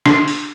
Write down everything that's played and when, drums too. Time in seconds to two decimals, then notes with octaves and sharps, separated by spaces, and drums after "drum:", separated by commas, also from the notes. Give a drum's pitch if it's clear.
0.06 D4, drum: snare
0.28 drum: open hi-hat